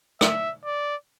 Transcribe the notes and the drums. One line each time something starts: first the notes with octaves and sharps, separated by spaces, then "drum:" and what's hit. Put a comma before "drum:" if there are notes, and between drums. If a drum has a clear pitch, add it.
E5, drum: rim click
D5